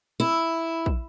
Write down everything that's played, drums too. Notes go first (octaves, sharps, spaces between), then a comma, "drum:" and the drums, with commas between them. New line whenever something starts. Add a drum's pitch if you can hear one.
E4
drum: kick